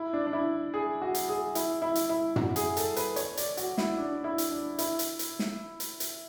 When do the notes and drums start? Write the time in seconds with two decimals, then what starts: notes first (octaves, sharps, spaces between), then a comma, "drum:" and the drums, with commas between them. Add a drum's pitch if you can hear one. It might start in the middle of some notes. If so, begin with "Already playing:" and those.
Already playing: E4
0.13 D4
0.27 D4
0.33 E4
0.74 G#4
1.02 F#4
1.15 drum: hi-hat
1.29 G#4
1.55 E4, drum: hi-hat
1.82 E4
1.95 drum: hi-hat
2.09 E4
2.36 F#4, drum: tom
2.56 G#4, drum: hi-hat
2.77 A4, drum: hi-hat
2.96 B4, drum: hi-hat
3.16 C#5, drum: hi-hat
3.37 D5, drum: hi-hat
3.57 F#4, drum: hi-hat
3.78 E4, drum: snare
3.98 D4
4.24 E4
4.38 drum: hi-hat
4.51 D4
4.79 E4, drum: hi-hat
4.99 drum: hi-hat
5.19 drum: hi-hat
5.39 drum: snare
5.80 drum: hi-hat
6.00 drum: hi-hat